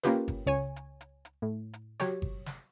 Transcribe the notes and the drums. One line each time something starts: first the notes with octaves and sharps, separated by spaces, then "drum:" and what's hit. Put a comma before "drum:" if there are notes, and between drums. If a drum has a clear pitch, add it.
A#3 C#4 F4 G4 B4, drum: snare
drum: kick G1, hi-hat
C#2 C#5 G#5
drum: hi-hat
drum: hi-hat
drum: hi-hat
A2
drum: hi-hat
F#3 G4 C#5, drum: snare
drum: kick G1
drum: snare